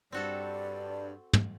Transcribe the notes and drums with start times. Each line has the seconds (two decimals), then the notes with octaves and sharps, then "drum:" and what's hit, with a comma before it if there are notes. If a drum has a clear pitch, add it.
0.12 G2 C4 F#4 A4 D5
1.33 drum: tom